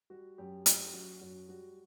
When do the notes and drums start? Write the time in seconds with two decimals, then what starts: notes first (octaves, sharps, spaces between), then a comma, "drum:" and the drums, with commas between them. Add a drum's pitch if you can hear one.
0.10 G3 F#4
0.38 F#2 G4
0.66 F#2 G4, drum: hi-hat
0.93 F#2 F#4
1.21 F#2 F#4
1.49 G3 F#4